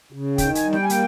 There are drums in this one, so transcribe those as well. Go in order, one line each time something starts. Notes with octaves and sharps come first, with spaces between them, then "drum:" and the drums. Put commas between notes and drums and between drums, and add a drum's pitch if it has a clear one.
C#3
D#3 G5, drum: kick, hi-hat
G#5, drum: hi-hat
G3
G5, drum: snare
G#5
A#3 G5, drum: hi-hat